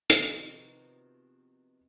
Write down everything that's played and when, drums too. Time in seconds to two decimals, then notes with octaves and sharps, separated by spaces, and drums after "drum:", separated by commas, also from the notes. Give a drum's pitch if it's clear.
0.10 C3 D#3 F3 B3 F#4 A#4, drum: hi-hat